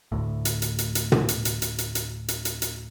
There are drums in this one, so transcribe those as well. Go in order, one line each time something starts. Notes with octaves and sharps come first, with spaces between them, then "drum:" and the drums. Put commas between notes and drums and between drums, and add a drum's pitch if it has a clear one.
D2 A2
drum: hi-hat
drum: hi-hat
drum: hi-hat
drum: hi-hat
drum: tom
drum: hi-hat
drum: hi-hat
drum: hi-hat
drum: hi-hat
drum: hi-hat
drum: hi-hat
drum: hi-hat
drum: hi-hat